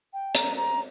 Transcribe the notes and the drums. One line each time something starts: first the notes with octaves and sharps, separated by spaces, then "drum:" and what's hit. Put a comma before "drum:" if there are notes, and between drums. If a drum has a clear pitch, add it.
G5
A#5, drum: hi-hat
A#5